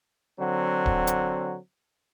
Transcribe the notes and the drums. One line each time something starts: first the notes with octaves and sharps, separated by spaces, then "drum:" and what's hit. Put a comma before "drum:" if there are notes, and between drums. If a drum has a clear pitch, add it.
D3 F#3 C4
drum: kick D1
drum: hi-hat